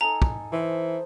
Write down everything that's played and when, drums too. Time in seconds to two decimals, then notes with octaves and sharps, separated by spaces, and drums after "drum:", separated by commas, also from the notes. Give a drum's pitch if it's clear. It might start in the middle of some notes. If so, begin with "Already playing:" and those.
0.01 D#4 A4 G#5 A#5
0.22 drum: kick
0.52 E3 C5